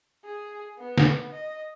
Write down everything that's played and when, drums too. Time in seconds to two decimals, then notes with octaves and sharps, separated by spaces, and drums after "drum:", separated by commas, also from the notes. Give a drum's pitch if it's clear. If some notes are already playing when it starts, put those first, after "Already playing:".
0.24 G#4
0.78 B3
0.98 drum: snare
1.32 D#5